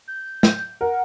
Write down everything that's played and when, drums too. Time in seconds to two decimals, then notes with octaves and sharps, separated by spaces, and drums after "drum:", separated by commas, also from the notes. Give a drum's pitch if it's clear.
0.08 G6
0.43 drum: snare
0.81 A#4 F#5